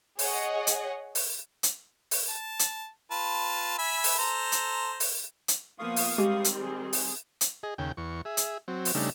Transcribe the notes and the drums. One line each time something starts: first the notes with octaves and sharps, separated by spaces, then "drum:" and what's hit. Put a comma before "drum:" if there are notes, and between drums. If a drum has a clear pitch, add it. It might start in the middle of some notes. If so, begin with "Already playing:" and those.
G#4 C#5 D#5 F#5, drum: open hi-hat
drum: hi-hat
drum: open hi-hat
drum: hi-hat
drum: open hi-hat
A5
drum: hi-hat
F4 B4 A5
E5 G#5 B5
drum: open hi-hat
A4 C5 A#5
drum: hi-hat
drum: open hi-hat
drum: hi-hat
F3 A#3 B3 F5 C#6 D#6
drum: open hi-hat
D#3 G3 G#3 C4 G4
drum: hi-hat
G#4
drum: open hi-hat
drum: hi-hat
G#4 D#5
D#2 C#3 G5
E2 C#6
G#4 E5
drum: hi-hat
F#3 C4
drum: open hi-hat
C#3 G3 A3 D4 D#4